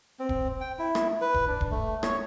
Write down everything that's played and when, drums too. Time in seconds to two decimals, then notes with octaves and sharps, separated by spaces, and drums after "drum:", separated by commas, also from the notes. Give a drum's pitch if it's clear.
0.19 C4
0.29 drum: kick D#1
0.61 G5
0.79 E4
0.95 drum: rim click
1.21 B4
1.34 drum: kick D#1
1.48 D4
1.61 drum: kick D#1
1.71 A3
2.03 C#5, drum: rim click